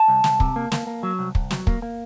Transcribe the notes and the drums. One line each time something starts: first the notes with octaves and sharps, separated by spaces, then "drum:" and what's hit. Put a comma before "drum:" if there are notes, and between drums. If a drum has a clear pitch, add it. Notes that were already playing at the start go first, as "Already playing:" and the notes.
Already playing: A5
C2
C2, drum: snare
C3, drum: kick
A#3
A#3, drum: snare
A#3
F#3
C2
C2, drum: kick
F#3, drum: snare
A#3, drum: kick
A#3